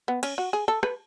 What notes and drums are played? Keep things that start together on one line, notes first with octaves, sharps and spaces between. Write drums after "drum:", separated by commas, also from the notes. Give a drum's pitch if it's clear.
B3
C#4, drum: cymbal
F#4
G#4
A4
B4, drum: rim click